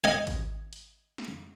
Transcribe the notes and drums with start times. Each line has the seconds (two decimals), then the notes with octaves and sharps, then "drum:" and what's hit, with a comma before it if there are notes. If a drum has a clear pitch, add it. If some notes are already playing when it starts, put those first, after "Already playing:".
0.04 D#5 G#5
0.27 drum: kick G#1, hi-hat
0.73 drum: hi-hat
1.18 drum: snare